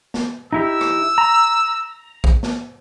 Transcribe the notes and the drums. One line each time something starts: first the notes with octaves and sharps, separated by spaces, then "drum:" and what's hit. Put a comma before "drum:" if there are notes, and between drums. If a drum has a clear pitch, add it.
drum: snare
D#4 E4 G4 E6
drum: rim click
A#5
drum: kick A#1
drum: snare